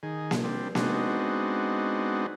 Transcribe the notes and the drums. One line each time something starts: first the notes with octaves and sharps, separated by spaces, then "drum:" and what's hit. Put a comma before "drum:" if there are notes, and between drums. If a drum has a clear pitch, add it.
D#3 G#4
drum: snare A#3
G3 C4 D4
G#3 B3 C4 D4 D#4 F#4, drum: snare A#3